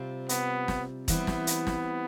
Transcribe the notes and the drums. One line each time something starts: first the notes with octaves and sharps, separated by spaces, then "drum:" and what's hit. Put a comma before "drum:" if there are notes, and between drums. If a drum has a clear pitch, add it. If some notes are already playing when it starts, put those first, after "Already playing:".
Already playing: C3 G3 C4 F4
B3, drum: hi-hat
drum: snare
E3 G3 B3 C4 E4, drum: kick E1, hi-hat
drum: snare
drum: hi-hat
drum: snare